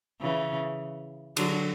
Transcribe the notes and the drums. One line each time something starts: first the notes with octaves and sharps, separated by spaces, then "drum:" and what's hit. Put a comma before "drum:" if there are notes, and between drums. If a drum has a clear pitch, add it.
C#3 E3
D3 F#3, drum: cymbal